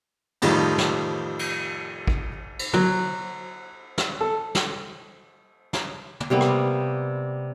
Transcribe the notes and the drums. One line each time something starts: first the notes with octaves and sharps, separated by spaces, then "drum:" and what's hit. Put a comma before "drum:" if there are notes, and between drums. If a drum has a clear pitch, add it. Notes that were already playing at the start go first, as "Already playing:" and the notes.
F2 A2 D#3 F3 G3, drum: cymbal
drum: snare
drum: cymbal
drum: kick
drum: cymbal
F#3, drum: tom
drum: snare
A4
drum: snare
drum: snare
drum: tom
C3 G3 A#3 B3
drum: rim click